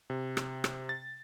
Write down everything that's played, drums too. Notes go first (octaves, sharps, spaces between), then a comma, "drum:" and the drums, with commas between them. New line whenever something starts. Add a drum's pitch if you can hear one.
C3
drum: rim click
drum: rim click
A6